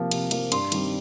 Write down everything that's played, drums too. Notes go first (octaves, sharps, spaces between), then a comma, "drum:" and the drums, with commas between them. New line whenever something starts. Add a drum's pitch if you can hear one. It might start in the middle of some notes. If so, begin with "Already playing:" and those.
Already playing: C3 F3 A#3
C3, drum: cymbal
F3 A#3, drum: cymbal
G2 C6, drum: cymbal
D#3 G3 C4, drum: cymbal